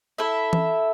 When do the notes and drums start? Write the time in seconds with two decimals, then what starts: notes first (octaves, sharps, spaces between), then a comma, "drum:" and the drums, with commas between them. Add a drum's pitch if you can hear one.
0.18 E4 A4 E5
0.53 drum: tom E3